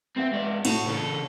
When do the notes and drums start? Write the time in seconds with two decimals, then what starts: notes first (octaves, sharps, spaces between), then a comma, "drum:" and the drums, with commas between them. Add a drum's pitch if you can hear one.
0.16 C4 B4 E5 F#5
0.31 G#2 D5
0.65 A2 F#4, drum: cymbal
0.85 A#1 C#3 A4